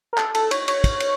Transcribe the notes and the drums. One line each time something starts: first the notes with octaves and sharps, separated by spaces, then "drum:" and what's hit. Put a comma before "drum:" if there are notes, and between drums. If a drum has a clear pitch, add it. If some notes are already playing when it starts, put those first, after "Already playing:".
A#4
A4, drum: clap
A4, drum: cymbal
C#5, drum: cymbal
C#5, drum: cymbal
drum: kick, cymbal
drum: cymbal